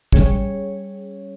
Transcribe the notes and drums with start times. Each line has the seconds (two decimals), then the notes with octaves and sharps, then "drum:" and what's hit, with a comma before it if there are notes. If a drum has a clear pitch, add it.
0.13 G3 C#4 G#4 C#5, drum: kick